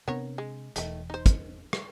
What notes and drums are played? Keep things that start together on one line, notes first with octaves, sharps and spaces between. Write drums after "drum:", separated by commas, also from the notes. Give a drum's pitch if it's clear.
C3 B3 C4 D4 A#4 C#5
G#3
E1 E2 D#3 A3, drum: hi-hat
D#4 C5
drum: kick, hi-hat
drum: rim click